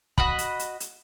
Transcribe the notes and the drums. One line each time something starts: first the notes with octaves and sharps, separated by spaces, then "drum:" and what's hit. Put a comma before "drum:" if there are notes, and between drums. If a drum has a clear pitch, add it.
F#4 D#5 B5, drum: kick
drum: hi-hat
drum: hi-hat
drum: hi-hat